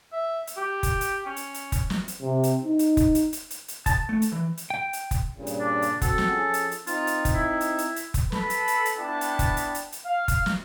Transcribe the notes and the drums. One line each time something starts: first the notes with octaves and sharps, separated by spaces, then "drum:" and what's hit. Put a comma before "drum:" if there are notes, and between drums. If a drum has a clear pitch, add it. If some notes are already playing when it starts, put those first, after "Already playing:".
E5
drum: hi-hat
G4
drum: kick F1, hi-hat
drum: hi-hat
C#4
drum: hi-hat
drum: hi-hat
drum: kick F1, hi-hat
drum: snare
drum: hi-hat
C3
drum: hi-hat
D#4
drum: hi-hat
drum: kick F1, hi-hat
drum: hi-hat
drum: hi-hat
drum: hi-hat
drum: hi-hat
A5, drum: kick F1, hi-hat
A3
drum: hi-hat
E3
drum: hi-hat
G5
drum: hi-hat
drum: kick F1, hi-hat
G2 A#2 C#3
drum: hi-hat
D4
drum: hi-hat
C4 F#4 A4 F#5, drum: kick F1, hi-hat
drum: snare
F3 C#4 G#4
drum: hi-hat
drum: hi-hat
C4 D#4 F4, drum: hi-hat
drum: hi-hat
drum: kick F1, hi-hat
E4
drum: hi-hat
drum: hi-hat
drum: hi-hat
drum: kick F1, hi-hat
A4 B4 B5, drum: snare
drum: hi-hat
drum: hi-hat
drum: hi-hat
B3 D4 E4 G5 A5 B5
drum: hi-hat
drum: kick F1, hi-hat
drum: hi-hat
drum: hi-hat
drum: hi-hat
F5
drum: kick F1, hi-hat
drum: snare